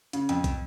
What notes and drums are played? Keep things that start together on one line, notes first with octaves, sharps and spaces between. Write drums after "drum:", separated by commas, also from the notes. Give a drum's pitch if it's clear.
C#3, drum: hi-hat
F2, drum: hi-hat
drum: kick, hi-hat